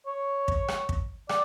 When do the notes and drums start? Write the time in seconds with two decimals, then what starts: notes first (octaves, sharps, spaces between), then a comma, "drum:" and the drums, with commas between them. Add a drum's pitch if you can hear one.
0.07 C#5
0.48 drum: kick
0.68 drum: rim click
0.89 drum: kick
1.29 D5, drum: rim click